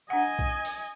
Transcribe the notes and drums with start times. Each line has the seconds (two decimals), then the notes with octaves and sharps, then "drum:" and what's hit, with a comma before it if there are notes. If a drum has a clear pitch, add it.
0.10 D4 D#5 F#5 G#5
0.39 drum: kick B1
0.65 drum: open hi-hat